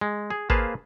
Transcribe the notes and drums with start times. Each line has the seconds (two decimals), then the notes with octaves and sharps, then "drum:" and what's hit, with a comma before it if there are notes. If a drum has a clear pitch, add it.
0.01 G#3
0.30 G#4
0.50 A#3 G#4 B4 C5 F5 A5, drum: kick